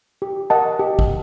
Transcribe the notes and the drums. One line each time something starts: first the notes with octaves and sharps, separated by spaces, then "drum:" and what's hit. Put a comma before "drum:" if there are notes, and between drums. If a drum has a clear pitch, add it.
G4
A#4 D#5 F#5 A5
G4
drum: kick